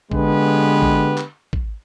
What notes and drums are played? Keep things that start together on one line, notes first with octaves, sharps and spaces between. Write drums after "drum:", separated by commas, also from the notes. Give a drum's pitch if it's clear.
D3 G#3 B3 G4 B4, drum: kick
drum: kick
drum: clap
drum: kick